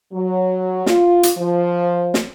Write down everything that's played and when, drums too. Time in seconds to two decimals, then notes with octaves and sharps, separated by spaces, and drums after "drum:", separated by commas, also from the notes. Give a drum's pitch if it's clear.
0.12 F#3
0.86 F4, drum: snare
1.23 drum: hi-hat
1.37 F3
2.14 drum: snare